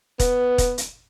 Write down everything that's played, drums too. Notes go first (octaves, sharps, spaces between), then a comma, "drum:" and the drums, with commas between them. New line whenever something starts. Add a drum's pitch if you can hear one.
B3, drum: kick E1, hi-hat
drum: kick E1, hi-hat
drum: hi-hat